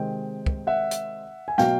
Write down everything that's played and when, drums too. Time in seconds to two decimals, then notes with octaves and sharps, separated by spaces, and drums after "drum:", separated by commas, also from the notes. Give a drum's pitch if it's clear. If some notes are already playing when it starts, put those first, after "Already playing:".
Already playing: C3 D#3 G#3 C4 G5
0.46 drum: kick
0.67 E5 F#5
0.91 drum: hi-hat
1.48 G#5
1.58 B2 F#3 F5 G5, drum: snare